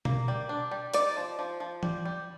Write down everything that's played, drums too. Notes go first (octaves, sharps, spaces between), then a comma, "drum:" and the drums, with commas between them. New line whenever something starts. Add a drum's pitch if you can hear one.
A#3, drum: tom B2
G3
D4
G3
D#4 D5, drum: hi-hat
F3
F3
F3
G3, drum: tom E3
G3